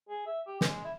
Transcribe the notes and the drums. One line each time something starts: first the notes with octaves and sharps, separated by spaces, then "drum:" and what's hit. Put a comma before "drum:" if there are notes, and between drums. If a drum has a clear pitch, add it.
G#4
E5
G4
G#3, drum: snare
E4